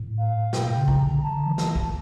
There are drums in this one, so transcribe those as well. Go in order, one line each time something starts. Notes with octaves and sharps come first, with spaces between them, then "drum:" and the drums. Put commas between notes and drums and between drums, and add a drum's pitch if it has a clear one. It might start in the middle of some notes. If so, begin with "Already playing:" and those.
Already playing: A2
F5
A#2 G5, drum: snare
A#2
C#3
A#5, drum: kick
D3
D3 A5
E3
drum: snare
drum: kick